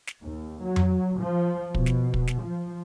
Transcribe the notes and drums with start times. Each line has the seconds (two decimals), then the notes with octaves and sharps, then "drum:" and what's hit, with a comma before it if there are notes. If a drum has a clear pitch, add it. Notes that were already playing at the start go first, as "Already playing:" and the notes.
0.07 drum: snare
0.21 D#2
0.62 F#3
0.76 drum: tom F2
1.19 F3
1.75 B2, drum: kick
1.86 drum: snare
2.14 drum: kick
2.27 drum: snare
2.42 F3